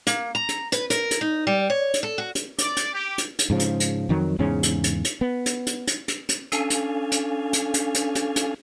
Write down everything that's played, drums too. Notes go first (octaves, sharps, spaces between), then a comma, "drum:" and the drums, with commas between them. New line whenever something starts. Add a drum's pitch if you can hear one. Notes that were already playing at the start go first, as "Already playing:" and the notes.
A#3, drum: hi-hat
A#5
drum: hi-hat
B4, drum: hi-hat
A#4, drum: hi-hat
drum: hi-hat
D#4
G3
C#5
drum: hi-hat
A4
F#4
drum: hi-hat
D5, drum: hi-hat
drum: hi-hat
G4
drum: hi-hat
drum: hi-hat
G#2 C#3 F3
drum: hi-hat
drum: hi-hat
F2 D#3 F#3
E2 G#2 C#3 C#4
drum: hi-hat
drum: hi-hat
drum: hi-hat
B3
drum: hi-hat
drum: hi-hat
drum: hi-hat
drum: hi-hat
drum: hi-hat
C#4 D4 A4 F5 G#5, drum: hi-hat
drum: hi-hat
drum: hi-hat
drum: hi-hat
drum: hi-hat
drum: hi-hat
drum: hi-hat
drum: hi-hat